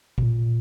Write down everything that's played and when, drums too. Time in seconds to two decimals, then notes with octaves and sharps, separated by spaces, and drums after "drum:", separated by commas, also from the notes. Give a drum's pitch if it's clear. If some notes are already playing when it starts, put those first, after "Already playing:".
0.18 B2, drum: kick
0.22 A#2